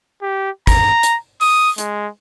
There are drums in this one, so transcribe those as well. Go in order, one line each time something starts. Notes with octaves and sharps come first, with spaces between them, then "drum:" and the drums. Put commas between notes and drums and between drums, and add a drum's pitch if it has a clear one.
G4
A#5, drum: kick, hi-hat
drum: hi-hat
D#6, drum: open hi-hat
G#3, drum: hi-hat